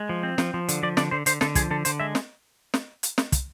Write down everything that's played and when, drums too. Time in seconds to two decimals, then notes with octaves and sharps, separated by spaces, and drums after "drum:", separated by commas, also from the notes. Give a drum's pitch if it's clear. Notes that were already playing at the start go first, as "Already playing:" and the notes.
Already playing: G#3
0.09 F3
0.23 C4
0.38 F3, drum: snare
0.54 F3
0.69 D3, drum: hi-hat
0.83 F3 D5
0.97 D3 D5, drum: snare
1.11 D3 C5
1.26 D3 C5, drum: hi-hat
1.41 D3 A4, drum: snare
1.55 F3 G#4, drum: kick, hi-hat
1.71 D3 A4
1.85 D3 C5, drum: hi-hat
2.00 G#3 E5
2.15 drum: snare
2.74 drum: snare
3.03 drum: hi-hat
3.18 drum: snare
3.32 drum: kick, hi-hat